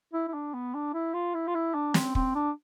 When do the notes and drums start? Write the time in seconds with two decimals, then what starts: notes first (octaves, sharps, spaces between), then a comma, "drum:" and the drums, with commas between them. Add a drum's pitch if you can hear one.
0.13 E4
0.28 E4
0.34 D4
0.54 B3
0.74 D4
0.94 E4
1.14 F4
1.34 E4
1.47 F4
1.55 E4
1.74 D4
1.94 C4, drum: snare
2.15 C4, drum: kick
2.35 D4